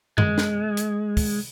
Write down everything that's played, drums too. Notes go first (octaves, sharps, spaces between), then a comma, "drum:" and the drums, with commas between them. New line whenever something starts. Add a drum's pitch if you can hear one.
G#3, drum: tom F#2
drum: snare
drum: hi-hat
drum: kick, open hi-hat